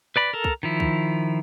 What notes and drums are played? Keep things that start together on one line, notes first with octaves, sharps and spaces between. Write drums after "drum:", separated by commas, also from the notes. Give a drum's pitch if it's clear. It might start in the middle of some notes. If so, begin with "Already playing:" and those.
B4 D5 B5
A4 A#4
drum: kick
D#3 F3 E4
drum: kick